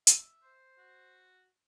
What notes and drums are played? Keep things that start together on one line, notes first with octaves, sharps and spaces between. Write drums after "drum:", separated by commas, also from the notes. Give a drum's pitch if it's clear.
E5, drum: hi-hat
C5
F#4